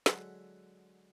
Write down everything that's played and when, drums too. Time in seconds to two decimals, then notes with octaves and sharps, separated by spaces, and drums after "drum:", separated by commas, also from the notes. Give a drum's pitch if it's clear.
0.06 D3 F#3 G#3 E5 F#5, drum: snare